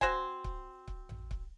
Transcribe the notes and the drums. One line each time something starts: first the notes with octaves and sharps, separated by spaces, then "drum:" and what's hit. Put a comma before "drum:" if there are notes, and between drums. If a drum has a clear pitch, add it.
C4 F#4 C5 G#5, drum: kick C#1
drum: kick C#1
drum: kick C#1
drum: tom A1
drum: kick C#1